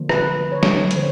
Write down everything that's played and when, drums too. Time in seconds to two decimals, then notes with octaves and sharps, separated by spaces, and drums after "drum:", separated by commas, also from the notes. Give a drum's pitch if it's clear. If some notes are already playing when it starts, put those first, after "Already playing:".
Already playing: D3 F3 A#3
0.09 B4, drum: rim click
0.52 C#5
0.63 drum: snare
0.91 C#5, drum: hi-hat
0.96 D3 F3 C5